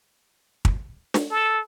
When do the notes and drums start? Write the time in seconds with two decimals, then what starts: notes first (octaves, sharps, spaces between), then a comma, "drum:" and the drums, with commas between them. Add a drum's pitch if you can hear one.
0.65 drum: kick
1.14 drum: snare
1.31 A4